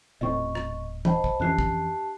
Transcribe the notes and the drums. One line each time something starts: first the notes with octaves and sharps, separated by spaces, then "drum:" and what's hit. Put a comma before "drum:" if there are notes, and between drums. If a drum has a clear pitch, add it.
D#1 A2 C4 D#5 C#6
drum: rim click
C5 D#5 G5 A5 B5, drum: tom
drum: kick
F2 E3 C#4 D4 G4 A5 F#6 C7
drum: kick